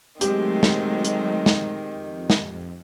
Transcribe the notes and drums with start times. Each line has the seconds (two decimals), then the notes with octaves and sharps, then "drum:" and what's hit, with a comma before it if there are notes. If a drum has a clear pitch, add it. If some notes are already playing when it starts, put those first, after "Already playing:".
0.21 D#3 F#3 G#3 A3 C4 G4, drum: hi-hat
0.63 drum: snare
1.05 drum: hi-hat
1.46 drum: snare
1.93 F2
2.30 drum: snare